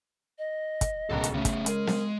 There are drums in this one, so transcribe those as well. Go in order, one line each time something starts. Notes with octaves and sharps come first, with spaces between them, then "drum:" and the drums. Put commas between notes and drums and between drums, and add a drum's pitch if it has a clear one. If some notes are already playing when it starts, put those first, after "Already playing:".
D#5
drum: kick, hi-hat
D1 C#2 B2 A4 A#4
drum: hi-hat
C#3 A3 B3
drum: kick, hi-hat
G#3 A#4, drum: hi-hat
drum: snare